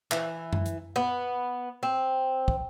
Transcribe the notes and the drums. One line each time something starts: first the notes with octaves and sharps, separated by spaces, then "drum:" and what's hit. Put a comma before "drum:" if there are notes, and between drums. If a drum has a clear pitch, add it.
E3, drum: clap
drum: tom F#2
drum: hi-hat
B3
C4
drum: kick